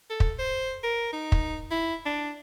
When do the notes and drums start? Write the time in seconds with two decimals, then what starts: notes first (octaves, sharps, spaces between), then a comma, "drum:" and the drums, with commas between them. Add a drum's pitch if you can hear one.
0.10 A4
0.20 drum: kick
0.39 C5
0.83 A#4
1.13 D#4
1.32 drum: kick
1.71 E4
2.06 D4